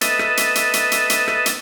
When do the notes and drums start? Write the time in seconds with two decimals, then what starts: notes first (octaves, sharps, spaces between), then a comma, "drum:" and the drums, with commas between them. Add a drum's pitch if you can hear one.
0.01 A4 B4 D#5 E5, drum: hi-hat
0.19 drum: rim click
0.37 drum: hi-hat
0.55 drum: hi-hat
0.73 drum: hi-hat
0.92 drum: hi-hat
1.10 drum: hi-hat
1.28 drum: rim click
1.46 drum: hi-hat